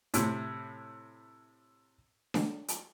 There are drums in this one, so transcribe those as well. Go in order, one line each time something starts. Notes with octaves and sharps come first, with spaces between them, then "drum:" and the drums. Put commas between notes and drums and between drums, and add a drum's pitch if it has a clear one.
A2 C3, drum: hi-hat
drum: snare D4
drum: hi-hat